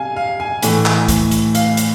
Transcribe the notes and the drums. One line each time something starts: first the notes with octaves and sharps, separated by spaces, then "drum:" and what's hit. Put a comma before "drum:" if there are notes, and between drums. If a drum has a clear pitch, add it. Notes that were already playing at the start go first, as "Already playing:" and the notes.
Already playing: C3 F5 G#5
F5
G#5
A2 E3 A3, drum: hi-hat
drum: clap
drum: kick, hi-hat
drum: hi-hat
F5, drum: hi-hat
drum: hi-hat